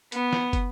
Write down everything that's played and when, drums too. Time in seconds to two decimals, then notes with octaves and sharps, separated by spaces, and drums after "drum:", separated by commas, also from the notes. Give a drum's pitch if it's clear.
0.12 B3, drum: hi-hat
0.33 drum: snare
0.53 drum: kick, hi-hat